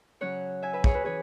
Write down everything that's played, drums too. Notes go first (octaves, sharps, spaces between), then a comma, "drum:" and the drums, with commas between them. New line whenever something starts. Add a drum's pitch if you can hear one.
C#3 F#3 C#4 C#5 F#5
E5 G#5
B4 E5
G#4 C#5, drum: kick
F#4 B4
E3 C#4 G#4 C#5